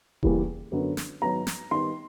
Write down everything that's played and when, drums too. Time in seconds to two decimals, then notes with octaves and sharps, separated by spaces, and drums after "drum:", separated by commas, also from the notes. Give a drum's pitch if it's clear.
0.23 E2 C#3 E3 G3 A#3, drum: kick E1
0.72 F#2 D3 F#3 B3
0.97 drum: snare
1.22 G#2 D#3 F#3 B3 A#5
1.47 drum: snare
1.71 D#3 G3 B3 C6